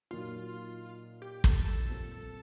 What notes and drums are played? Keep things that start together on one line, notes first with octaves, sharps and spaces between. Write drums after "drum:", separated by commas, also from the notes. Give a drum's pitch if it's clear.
A#2 F#3 A#3 D#4 F4
G4
A4, drum: kick
A4
A#2 G3 C4 F4